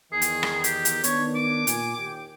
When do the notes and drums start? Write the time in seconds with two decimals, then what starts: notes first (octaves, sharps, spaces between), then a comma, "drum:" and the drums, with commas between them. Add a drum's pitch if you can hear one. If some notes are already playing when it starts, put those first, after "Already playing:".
0.12 E2 D#3 G#4
0.22 drum: hi-hat
0.43 drum: rim click
0.64 G4, drum: hi-hat
0.85 drum: hi-hat
1.04 D#3 B3 D4 C#5, drum: hi-hat
1.35 D6
1.67 A#2 G#5, drum: hi-hat
1.98 D#2 G5